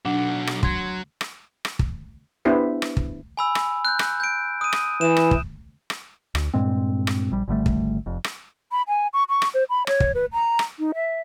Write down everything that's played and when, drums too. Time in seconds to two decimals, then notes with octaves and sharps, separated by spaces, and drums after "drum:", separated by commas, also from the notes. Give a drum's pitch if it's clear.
0.05 B1 F#3 D4 F#5
0.47 drum: rim click
0.63 F#3 C6 G#6, drum: kick
1.21 drum: rim click
1.65 drum: rim click
1.79 drum: kick
2.45 B3 D4 E4 G4 C5
2.82 drum: rim click
2.97 drum: kick
3.37 G#5 B5 E6
3.55 drum: rim click
3.85 F#6 G6
3.99 drum: rim click
4.20 G6 D7
4.61 D#6 D#7
4.73 drum: rim click
5.01 E3 E7
5.17 drum: rim click
5.31 drum: kick
5.90 drum: rim click
6.35 D2, drum: rim click
6.54 G2 A#2 G#3 C4
7.07 drum: rim click
7.31 A#1 G3
7.48 G#1 D3 G3 A3
7.66 drum: kick
8.06 F1 F2
8.24 drum: rim click
8.72 B5
8.88 G#5
9.13 C#6
9.29 C#6
9.42 drum: rim click
9.54 C5
9.70 B5
9.87 C#5, drum: rim click
10.00 drum: kick
10.15 B4
10.33 A#5
10.59 drum: rim click
10.79 D#4
10.95 E5